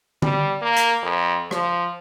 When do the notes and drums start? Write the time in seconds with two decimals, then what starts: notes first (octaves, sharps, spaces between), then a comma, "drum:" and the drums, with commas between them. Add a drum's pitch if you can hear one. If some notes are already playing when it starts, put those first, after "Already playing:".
0.22 G3, drum: tom D3
0.62 A#3
0.77 drum: hi-hat
1.03 F2
1.51 F3, drum: rim click